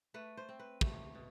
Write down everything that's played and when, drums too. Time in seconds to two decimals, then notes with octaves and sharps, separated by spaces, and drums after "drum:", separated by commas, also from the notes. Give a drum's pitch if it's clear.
0.14 A3 B4
0.37 C5
0.49 C4
0.59 B4
0.81 A3, drum: kick
1.15 B2